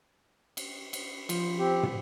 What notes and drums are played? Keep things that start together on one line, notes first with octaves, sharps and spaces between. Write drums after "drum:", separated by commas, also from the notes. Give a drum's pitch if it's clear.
drum: cymbal
drum: cymbal
F3, drum: cymbal
C4 G4
drum: tom